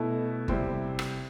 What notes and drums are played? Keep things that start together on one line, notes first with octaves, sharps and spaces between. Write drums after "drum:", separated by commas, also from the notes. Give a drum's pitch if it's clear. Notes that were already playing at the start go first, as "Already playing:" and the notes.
Already playing: B2 A3 E4
C3 G3 C4 E4, drum: kick G1
drum: rim click